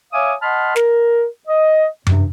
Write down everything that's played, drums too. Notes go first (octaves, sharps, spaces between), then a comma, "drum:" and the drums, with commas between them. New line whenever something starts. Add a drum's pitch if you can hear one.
C#5 E5 F5 G#5 D6 D#6
D#5 F#5 A5 B5 C6 F6
A#4, drum: snare
D#5
G2 C3, drum: tom F#2